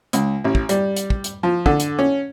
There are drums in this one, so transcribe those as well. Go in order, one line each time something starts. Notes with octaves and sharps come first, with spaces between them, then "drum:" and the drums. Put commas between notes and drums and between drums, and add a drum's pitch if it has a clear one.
C#2, drum: hi-hat
A1
drum: kick
G3, drum: hi-hat
drum: hi-hat
drum: kick
drum: hi-hat
F3
D3, drum: kick
drum: hi-hat
C#4